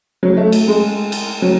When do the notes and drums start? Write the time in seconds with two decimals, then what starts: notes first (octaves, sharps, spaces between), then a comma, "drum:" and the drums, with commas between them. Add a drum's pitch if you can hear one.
0.23 F#3
0.37 A3
0.52 drum: cymbal
0.68 G#3
1.12 drum: cymbal
1.42 F#3